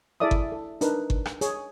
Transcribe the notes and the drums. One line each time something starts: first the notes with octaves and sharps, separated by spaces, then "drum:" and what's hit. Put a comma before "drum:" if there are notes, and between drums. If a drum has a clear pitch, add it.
E4 G#4 A4 D5 E5 D#6
drum: kick G1
A4
D4 D#4 A#4 B4, drum: hi-hat
drum: kick G1
drum: rim click
G#4 C#5, drum: hi-hat